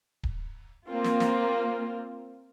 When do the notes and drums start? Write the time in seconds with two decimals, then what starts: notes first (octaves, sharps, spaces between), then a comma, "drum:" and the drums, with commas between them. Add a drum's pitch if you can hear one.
0.23 drum: kick D1
0.88 A#3 C4 F4
1.04 drum: snare
1.20 drum: snare